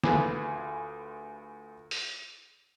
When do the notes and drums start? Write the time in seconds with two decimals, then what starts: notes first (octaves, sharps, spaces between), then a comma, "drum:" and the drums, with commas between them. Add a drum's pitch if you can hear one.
0.04 D2 F4 G#4 B4 G#5 D6, drum: snare
1.91 drum: open hi-hat